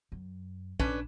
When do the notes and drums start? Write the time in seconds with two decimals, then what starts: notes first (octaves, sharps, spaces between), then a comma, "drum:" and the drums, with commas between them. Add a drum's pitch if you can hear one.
0.12 F#2
0.80 A#1 C#4 D4 B4, drum: kick